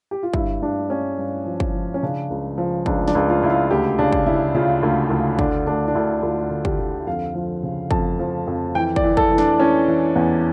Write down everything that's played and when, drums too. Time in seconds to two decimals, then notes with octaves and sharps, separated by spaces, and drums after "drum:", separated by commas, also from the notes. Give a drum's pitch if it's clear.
0.11 G4
0.23 F4
0.34 G2 E4, drum: kick
0.62 G2 D4
0.90 G2 C#4
1.18 G2
1.46 F3
1.60 drum: kick
1.74 F3
1.94 C#4
2.03 C#3 D4
2.30 C#2
2.58 F3
2.86 C#2 D4, drum: kick
3.08 D4, drum: snare
3.15 C#2
3.29 F4
3.43 C#2 E4
3.50 F4
3.71 D2 G4
3.98 C#3 D4
4.13 drum: kick
4.26 C#3 E4
4.55 C#3 F4
4.83 D2
5.10 D2
5.39 D3 D4, drum: kick
5.67 D2 D4
5.88 D4
5.95 D2 E4
6.23 D2 F4
6.51 D3
6.65 G4, drum: kick
6.79 D3
7.07 F2 F5
7.35 F3
7.63 C#3
7.91 F2 A5, drum: kick
8.19 F3
8.47 F2
8.75 E3 G5
8.96 D5, drum: kick
9.04 E3
9.17 A4, drum: kick
9.31 E3
9.38 D4, drum: snare
9.60 E3 C#4
9.88 E3
10.16 E2